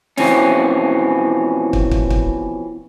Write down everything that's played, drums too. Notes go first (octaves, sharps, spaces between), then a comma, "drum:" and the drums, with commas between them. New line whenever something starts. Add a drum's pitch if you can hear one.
F2 B2 E3 C4 C#4, drum: snare
drum: kick
drum: kick
drum: kick